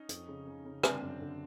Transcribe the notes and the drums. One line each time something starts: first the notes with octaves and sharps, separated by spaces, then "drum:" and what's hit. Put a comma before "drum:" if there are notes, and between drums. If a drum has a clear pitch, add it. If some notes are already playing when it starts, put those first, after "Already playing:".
Already playing: C#4 D#4
F2, drum: hi-hat
C#3
C#3
C#3
D3 C4 D4, drum: rim click
F#2
D3